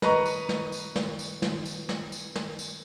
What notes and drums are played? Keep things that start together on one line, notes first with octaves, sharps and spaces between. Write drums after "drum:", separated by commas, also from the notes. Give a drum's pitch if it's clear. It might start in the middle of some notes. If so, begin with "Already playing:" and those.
B4 D#5 A#5 C#6, drum: snare
drum: tambourine
drum: snare
drum: tambourine
drum: snare
drum: tambourine
drum: snare
drum: tambourine
drum: snare
drum: tambourine
drum: snare
drum: tambourine